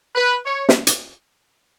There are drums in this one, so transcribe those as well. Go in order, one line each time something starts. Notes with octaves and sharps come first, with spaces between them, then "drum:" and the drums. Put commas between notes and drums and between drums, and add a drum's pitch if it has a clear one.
B4
C#5
drum: snare
drum: hi-hat